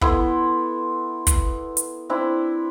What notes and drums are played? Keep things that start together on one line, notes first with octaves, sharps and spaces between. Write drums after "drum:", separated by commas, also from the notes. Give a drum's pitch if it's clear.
B3 E4 A4 C6, drum: kick
drum: kick, hi-hat
drum: hi-hat
C4 D4 E4